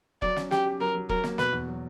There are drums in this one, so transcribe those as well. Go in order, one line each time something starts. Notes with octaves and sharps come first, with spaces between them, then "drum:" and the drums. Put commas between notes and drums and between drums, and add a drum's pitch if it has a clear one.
F#3 D5, drum: kick E1
C#4, drum: snare
C#4 G4, drum: snare
G4
F#3 A#4
F#3
F#3 A#4, drum: kick E1
A#3, drum: snare
B2 B4, drum: snare
E2
F#3